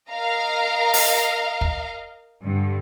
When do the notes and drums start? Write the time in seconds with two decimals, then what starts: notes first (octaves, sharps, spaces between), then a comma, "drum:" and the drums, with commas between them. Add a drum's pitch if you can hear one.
0.11 A#4 D#5 F5 A#5
0.94 drum: open hi-hat
1.61 drum: kick
2.42 G2 D3